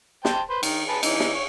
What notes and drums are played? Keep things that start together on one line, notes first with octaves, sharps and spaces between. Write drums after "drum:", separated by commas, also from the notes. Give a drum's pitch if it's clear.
C5 G5 A5, drum: snare
B4 C5
D#3, drum: cymbal
G#4 B4 A5
E3 C#4 D#4, drum: cymbal
drum: snare
C#5